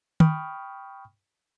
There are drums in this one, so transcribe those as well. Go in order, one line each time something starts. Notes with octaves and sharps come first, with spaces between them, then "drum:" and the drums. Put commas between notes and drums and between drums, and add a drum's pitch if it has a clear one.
G5 B5 C#6 D#6 F6, drum: tom